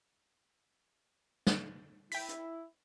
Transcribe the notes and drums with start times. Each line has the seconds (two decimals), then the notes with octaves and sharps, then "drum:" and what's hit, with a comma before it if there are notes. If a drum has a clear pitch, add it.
1.47 drum: snare
2.12 E4 G5 B6, drum: open hi-hat
2.29 drum: hi-hat